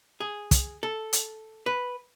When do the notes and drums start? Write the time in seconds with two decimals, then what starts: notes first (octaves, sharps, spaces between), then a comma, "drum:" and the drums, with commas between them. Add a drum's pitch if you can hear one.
0.20 G#4
0.51 drum: kick, hi-hat
0.83 A4
1.13 drum: hi-hat
1.66 B4